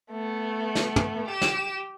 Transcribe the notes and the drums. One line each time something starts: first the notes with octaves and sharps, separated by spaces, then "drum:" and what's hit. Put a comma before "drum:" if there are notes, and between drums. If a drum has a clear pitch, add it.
A3 B3
drum: snare
drum: tom
G4 E7
drum: snare